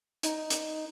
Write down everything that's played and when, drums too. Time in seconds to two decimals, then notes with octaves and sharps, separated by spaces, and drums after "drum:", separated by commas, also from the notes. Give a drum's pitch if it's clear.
0.23 D#4, drum: hi-hat
0.50 drum: hi-hat